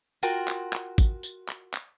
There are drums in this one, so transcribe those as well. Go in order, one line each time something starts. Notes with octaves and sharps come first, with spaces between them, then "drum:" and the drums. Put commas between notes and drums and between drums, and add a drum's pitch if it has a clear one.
F4 F#4 A#4 G5, drum: tambourine
drum: clap
drum: clap
drum: kick A1, tambourine
drum: tambourine
drum: clap
drum: clap